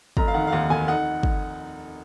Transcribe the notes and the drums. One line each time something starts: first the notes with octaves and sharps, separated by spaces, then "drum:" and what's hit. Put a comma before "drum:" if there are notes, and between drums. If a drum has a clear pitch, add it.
F1 A#5, drum: kick
F5
D#3 F#5
F5
D#2 F#5
F1 G#5
D#4 F#5
drum: kick